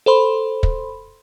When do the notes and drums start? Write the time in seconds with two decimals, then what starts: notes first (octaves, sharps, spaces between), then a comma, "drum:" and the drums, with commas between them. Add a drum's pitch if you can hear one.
0.06 A4 C5 B5 C6
0.63 drum: kick